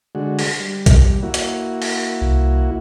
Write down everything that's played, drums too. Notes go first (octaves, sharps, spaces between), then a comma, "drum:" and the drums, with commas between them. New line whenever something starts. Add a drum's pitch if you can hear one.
D3 G#3 F#4
drum: open hi-hat
G3
drum: kick A#1, hi-hat
A#3 E4 F#4
drum: hi-hat
drum: open hi-hat
C2